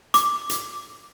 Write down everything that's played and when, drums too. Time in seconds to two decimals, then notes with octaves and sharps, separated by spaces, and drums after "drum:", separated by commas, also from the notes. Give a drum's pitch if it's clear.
0.14 D6, drum: hi-hat
0.50 drum: hi-hat